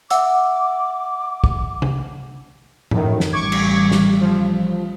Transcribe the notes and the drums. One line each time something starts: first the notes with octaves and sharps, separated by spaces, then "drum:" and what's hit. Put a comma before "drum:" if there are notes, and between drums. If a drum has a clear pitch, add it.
E5 F#5 D6 E6, drum: hi-hat
drum: kick
drum: tom
F#2 A2 D#3, drum: tom G#2
drum: snare
A1 G3 C#6 D6 G#6
drum: cymbal
drum: snare
F3